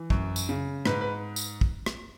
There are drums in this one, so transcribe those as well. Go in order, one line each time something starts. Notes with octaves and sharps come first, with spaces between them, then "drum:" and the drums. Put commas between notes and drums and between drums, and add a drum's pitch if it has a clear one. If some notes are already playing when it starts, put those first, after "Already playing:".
Already playing: E3
F#2, drum: kick
drum: tambourine
C#3
G#2 B4, drum: rim click
B4
drum: tambourine
drum: kick
drum: rim click